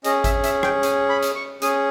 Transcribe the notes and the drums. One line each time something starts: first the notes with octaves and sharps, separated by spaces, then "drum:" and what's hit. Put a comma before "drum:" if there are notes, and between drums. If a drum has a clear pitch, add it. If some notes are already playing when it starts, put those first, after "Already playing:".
C#4 G#4 D#5, drum: hi-hat
E5, drum: kick G#1, hi-hat
E5, drum: hi-hat
G5, drum: rim click
G#5, drum: hi-hat
B5
drum: hi-hat
C#6
C#4 G#4 D#6, drum: hi-hat